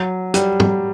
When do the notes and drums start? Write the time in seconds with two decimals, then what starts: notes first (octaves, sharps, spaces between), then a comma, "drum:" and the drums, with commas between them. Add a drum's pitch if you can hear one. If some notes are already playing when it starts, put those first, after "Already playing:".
Already playing: F#3
0.34 G3, drum: hi-hat
0.60 drum: tom